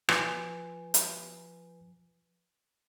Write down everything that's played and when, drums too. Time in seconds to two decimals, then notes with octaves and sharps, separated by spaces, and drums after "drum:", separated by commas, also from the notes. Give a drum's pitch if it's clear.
0.09 F3 B4 G#5, drum: rim click
0.94 drum: hi-hat